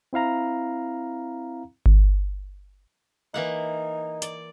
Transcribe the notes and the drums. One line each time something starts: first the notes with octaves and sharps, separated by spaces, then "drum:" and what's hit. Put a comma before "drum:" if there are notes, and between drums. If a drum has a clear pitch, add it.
C4 E4 F5 A#5
drum: kick G1
E3 A#3 D#4 F#5
D5, drum: hi-hat